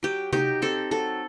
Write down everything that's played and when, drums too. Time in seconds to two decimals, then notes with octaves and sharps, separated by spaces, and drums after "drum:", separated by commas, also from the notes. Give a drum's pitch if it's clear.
0.03 F#3 G4
0.33 D#4 G4, drum: tom C3
0.62 C4 A4
0.91 F#3 A4